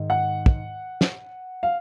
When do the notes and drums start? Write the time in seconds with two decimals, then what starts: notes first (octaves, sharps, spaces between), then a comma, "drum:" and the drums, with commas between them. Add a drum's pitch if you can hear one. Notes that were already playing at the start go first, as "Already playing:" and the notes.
Already playing: G#2 D#3
0.10 F#5
0.46 drum: kick
1.01 drum: snare
1.63 F5